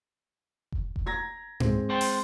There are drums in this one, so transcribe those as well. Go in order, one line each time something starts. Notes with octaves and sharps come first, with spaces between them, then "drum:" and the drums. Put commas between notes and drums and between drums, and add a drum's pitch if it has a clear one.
drum: kick F1
drum: kick F1
A#5 G#6 A#6
G#3 C4, drum: tom G#2
C5 G5 A5
drum: open hi-hat